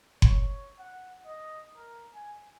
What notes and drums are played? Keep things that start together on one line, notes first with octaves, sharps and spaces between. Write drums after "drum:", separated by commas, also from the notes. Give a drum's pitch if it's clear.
C#5, drum: kick F#1
F#5
D#5
A#4
G#5